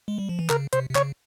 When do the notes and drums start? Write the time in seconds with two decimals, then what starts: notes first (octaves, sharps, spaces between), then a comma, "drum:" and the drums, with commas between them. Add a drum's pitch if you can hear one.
0.08 G#3
0.18 G3
0.29 F3
0.39 E3
0.50 C#3 A#4, drum: clap
0.73 C3 C5, drum: hi-hat
0.90 C3
0.95 C#3 C#5, drum: clap